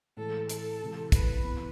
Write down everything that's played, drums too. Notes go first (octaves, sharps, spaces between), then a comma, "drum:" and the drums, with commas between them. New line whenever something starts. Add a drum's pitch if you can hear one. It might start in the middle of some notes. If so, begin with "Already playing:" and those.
A2 E3 G#3 A4
A4, drum: hi-hat
C3 E3 G#3
B4, drum: kick, hi-hat
E3 B3